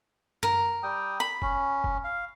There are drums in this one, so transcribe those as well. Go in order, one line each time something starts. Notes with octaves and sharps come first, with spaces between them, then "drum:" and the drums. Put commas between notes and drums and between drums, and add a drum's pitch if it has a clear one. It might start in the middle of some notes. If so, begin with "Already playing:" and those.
A#4, drum: tom F#2
G3 G5 D#6
B5
C#4, drum: kick F#1
drum: kick F#1
F5